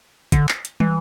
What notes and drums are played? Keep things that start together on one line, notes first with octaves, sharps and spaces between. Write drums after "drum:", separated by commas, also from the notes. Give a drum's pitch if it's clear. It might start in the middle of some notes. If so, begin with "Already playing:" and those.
D3, drum: kick, hi-hat
drum: clap
drum: hi-hat
E3, drum: tom